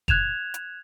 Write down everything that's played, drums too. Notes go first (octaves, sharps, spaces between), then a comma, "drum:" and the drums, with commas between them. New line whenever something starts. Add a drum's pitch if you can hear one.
F#6 G#6 E7 F7, drum: kick
drum: hi-hat